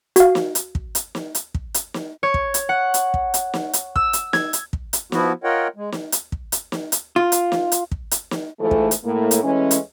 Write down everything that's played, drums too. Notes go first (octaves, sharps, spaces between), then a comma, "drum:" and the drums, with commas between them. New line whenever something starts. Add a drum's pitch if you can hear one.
F#4 F5, drum: hi-hat
drum: snare
drum: hi-hat
drum: kick
drum: hi-hat
drum: snare
drum: hi-hat
drum: kick
drum: hi-hat
drum: snare
C#5
drum: kick
drum: hi-hat
F#5
drum: hi-hat
drum: kick
drum: hi-hat
drum: snare
drum: hi-hat
E6, drum: kick
drum: hi-hat
G#6, drum: snare
drum: hi-hat
drum: kick
drum: hi-hat
F3 B3 E4 F#4, drum: snare
F4 A#4 C#5 D#5 F#5 G5
G#3
drum: snare
drum: hi-hat
drum: kick
drum: hi-hat
drum: snare
drum: hi-hat
F4
drum: hi-hat
drum: snare
drum: hi-hat
drum: kick
drum: hi-hat
drum: snare
G#2 E3 F3 A3
drum: kick
drum: hi-hat
A2 A#3
drum: hi-hat
E3 G#3 A3 C#4
drum: hi-hat